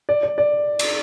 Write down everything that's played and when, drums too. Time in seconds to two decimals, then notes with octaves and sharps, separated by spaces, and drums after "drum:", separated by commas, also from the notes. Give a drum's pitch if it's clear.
0.09 D5
0.23 D5
0.38 D5
0.79 drum: cymbal